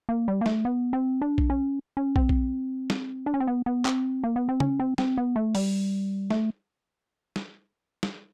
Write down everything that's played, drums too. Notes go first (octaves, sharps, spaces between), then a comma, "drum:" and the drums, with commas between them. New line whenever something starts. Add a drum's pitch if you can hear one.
A#3
G3
A#3
A3, drum: snare
B3
C4
D4
drum: kick
C#4
C#4
C4, drum: kick
drum: kick
drum: snare
D4
C#4
C4
B3
B3
C4, drum: clap
A#3
B3
C4
C#4, drum: tom
C4
C4, drum: snare
B3
A3
G3, drum: open hi-hat
A3, drum: snare
drum: snare
drum: snare